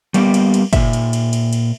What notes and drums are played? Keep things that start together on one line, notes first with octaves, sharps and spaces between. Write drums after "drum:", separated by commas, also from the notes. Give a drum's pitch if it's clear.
G3 A#3 B3 G4, drum: cymbal
drum: cymbal
drum: cymbal
A#2 E5, drum: kick, cymbal
drum: cymbal
drum: cymbal
drum: cymbal
drum: cymbal